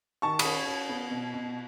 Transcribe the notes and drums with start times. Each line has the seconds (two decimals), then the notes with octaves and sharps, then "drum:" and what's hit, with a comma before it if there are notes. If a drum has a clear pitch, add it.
0.22 D#3 A5 C#6
0.39 B5 D#6, drum: cymbal
0.45 C#4
0.67 C#4
0.89 B3
1.11 B2
1.34 B2